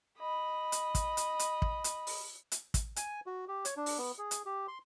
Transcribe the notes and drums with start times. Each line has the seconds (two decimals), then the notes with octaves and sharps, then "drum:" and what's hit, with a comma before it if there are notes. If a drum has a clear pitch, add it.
0.19 D#5 B5
0.72 drum: hi-hat
0.95 drum: kick, hi-hat
1.17 drum: hi-hat
1.39 drum: hi-hat
1.62 drum: kick
1.84 drum: hi-hat
2.07 drum: open hi-hat
2.52 drum: hi-hat
2.74 drum: kick, hi-hat
2.96 G#5, drum: hi-hat
3.26 F#4
3.48 G4
3.65 C#5, drum: hi-hat
3.77 D4
3.86 drum: open hi-hat
3.98 B3
4.18 G#4
4.31 drum: hi-hat
4.46 G4
4.68 C6